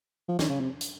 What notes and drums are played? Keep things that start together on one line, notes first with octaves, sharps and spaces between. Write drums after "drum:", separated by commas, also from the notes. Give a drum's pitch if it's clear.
F3
D#3, drum: snare
C#3
C3
drum: hi-hat